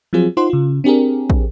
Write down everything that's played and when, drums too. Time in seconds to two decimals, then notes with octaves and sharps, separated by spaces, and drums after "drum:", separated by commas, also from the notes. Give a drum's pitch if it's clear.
0.13 F3 F#3 C4 F4 G#4
0.37 D#4 F4 C5 F#5 C6
0.50 C#3 F4
0.84 C4 D4 G4 G#4 A#4
1.30 drum: kick